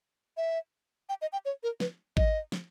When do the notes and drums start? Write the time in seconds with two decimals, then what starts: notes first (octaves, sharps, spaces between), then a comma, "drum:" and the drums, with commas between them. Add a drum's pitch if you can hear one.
0.37 E5
1.09 G5
1.22 D#5
1.33 G5
1.45 C#5
1.63 A#4
1.80 B4, drum: snare
2.17 D#5, drum: kick G#1
2.52 drum: snare